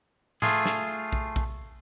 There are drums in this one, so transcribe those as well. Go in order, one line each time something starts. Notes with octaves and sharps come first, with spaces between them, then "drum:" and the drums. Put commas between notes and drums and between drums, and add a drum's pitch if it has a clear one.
A3 F4 G#4, drum: tom A2
drum: snare
drum: kick A#1
drum: kick A#1, hi-hat